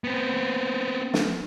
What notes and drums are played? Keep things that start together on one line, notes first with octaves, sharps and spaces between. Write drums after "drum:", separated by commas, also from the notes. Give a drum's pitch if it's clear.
B3 C4
drum: snare